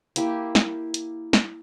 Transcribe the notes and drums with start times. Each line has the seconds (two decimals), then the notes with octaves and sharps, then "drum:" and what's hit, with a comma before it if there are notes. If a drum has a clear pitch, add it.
0.16 A#3 E4 G4, drum: hi-hat
0.55 drum: snare
0.94 drum: hi-hat
1.33 drum: snare